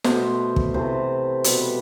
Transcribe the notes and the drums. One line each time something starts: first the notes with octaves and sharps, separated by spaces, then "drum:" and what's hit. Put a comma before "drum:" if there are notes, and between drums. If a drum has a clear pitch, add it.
B2 A3 C5, drum: snare
drum: kick
C3 E3 A3 C5
B2 G3 B4, drum: hi-hat